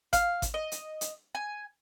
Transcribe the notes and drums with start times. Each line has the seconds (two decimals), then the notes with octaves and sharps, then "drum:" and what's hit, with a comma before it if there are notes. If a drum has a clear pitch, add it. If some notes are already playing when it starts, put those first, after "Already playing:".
0.13 F5, drum: kick G#1, hi-hat
0.42 drum: kick G#1, hi-hat
0.54 D#5
0.72 drum: hi-hat
1.01 drum: hi-hat
1.35 G#5